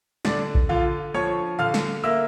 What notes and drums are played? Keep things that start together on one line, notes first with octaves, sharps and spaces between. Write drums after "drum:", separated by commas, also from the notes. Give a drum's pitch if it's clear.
D3 D4 D5, drum: snare
drum: kick A#1
D3 F4 F5
F3 C#5 C#6
D3 F5 F6
drum: snare
A#3 E5 E6